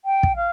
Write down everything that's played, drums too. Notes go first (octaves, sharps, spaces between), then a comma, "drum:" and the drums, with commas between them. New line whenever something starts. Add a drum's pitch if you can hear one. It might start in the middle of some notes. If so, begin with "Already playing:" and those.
G5
drum: kick
F5